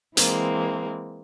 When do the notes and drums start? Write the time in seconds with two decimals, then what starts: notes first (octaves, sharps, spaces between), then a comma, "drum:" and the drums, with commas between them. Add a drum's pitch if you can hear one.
0.17 E3 G#3 A#3 C4, drum: hi-hat